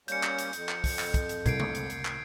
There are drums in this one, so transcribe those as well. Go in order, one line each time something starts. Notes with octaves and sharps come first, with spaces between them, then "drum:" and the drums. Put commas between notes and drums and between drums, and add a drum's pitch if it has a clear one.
G3 A#3 C#4 G6 C#7, drum: hi-hat
drum: clap
drum: hi-hat
F2, drum: hi-hat
drum: clap
drum: kick, open hi-hat
drum: clap
drum: kick, hi-hat
drum: hi-hat
C2 G#6 C7 D7, drum: kick, hi-hat
drum: tom C3
drum: hi-hat
drum: hi-hat
drum: clap